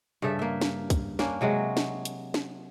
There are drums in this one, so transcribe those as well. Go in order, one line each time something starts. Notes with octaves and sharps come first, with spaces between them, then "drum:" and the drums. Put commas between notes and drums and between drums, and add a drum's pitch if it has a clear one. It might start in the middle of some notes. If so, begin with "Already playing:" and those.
G2 C#3 A4 E5
A#3 E5
drum: snare
drum: kick, hi-hat
A#3 C#4 D4, drum: snare
C3 F#3 G#3 F#4
drum: snare
drum: hi-hat
drum: snare